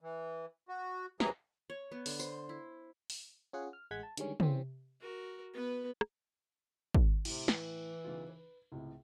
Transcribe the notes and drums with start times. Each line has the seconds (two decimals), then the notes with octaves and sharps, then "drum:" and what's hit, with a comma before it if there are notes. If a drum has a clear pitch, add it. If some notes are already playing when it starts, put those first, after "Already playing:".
0.01 E3
0.68 F#4
1.20 D#2 C3 E3 F#3 G#4 A#5, drum: snare
1.70 C#5
1.92 B3
2.06 D3, drum: open hi-hat
2.20 C5, drum: tambourine
2.49 E4
3.10 drum: open hi-hat
3.53 C#4 F4 G#4 F#5
3.73 F6
3.91 A1 G#3 F#5 G#6 B6
4.03 A5
4.17 D3 D#3 G3 G#3 C#4, drum: hi-hat
4.40 C3 E3 C4 C#4, drum: tom
5.01 F#4 A#4
5.53 B3 B4
6.01 drum: rim click
6.94 drum: kick
7.25 A2 C3, drum: cymbal
7.48 E3, drum: snare
8.04 B1 C#3 F4
8.29 B4
8.72 C#2 A2 C3